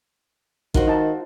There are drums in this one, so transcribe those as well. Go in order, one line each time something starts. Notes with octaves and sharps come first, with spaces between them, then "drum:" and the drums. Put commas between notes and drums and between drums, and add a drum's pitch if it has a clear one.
D#3 F4 F#4 C5, drum: kick
D#4 A5